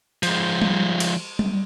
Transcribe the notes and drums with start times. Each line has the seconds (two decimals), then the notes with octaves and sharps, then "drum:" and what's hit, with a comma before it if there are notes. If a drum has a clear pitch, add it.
0.23 F3 G#3, drum: cymbal
0.62 drum: tom G3
1.00 drum: cymbal
1.39 drum: tom G3